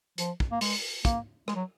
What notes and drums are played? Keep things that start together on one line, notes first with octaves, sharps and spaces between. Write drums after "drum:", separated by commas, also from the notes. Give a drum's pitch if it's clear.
F3, drum: hi-hat
drum: kick
A#3
G#3, drum: open hi-hat
A#3, drum: kick, hi-hat
G#3, drum: rim click
F#3